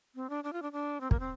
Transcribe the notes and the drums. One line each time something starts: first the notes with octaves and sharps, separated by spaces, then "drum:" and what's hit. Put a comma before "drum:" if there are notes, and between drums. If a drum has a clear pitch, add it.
C4
D4
D4
F4
D4
D4
C4
A#3, drum: kick
C4